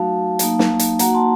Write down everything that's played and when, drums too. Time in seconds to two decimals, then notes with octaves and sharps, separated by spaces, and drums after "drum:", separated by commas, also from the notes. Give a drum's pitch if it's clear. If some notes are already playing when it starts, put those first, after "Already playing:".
Already playing: F#3 A3 D#4 F#4 F5 A5
0.39 F#3 A#3 D#4, drum: hi-hat
0.59 drum: snare
0.79 drum: hi-hat
0.99 A#3 D#4 F#4 F#5 A#5, drum: hi-hat
1.14 A5 C6